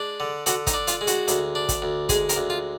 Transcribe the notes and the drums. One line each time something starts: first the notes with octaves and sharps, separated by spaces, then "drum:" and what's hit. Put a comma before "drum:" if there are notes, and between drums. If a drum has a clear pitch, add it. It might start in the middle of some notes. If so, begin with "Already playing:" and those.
Already playing: G#3 D4
D3
D3 F#4, drum: hi-hat
D#4, drum: kick, hi-hat
D4
F4, drum: hi-hat
G#3
F#4, drum: hi-hat
D2, drum: hi-hat
D4
drum: kick, hi-hat
D2
G#3 G#4, drum: kick, hi-hat
A#4, drum: hi-hat
D2
F4